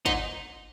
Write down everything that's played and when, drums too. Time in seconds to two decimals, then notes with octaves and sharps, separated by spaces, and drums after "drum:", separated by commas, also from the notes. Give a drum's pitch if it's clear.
0.05 G#2 D#4, drum: kick